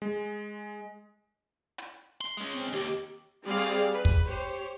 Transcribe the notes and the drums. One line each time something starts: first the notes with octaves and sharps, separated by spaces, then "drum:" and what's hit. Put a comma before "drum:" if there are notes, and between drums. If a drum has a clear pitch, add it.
G#3
drum: hi-hat
C6
G#3 C#4
C4
D#2 D#3 G4
G3 C4 G4 G#4 D5 F5
drum: open hi-hat
B4
drum: kick
G4 C5 C#5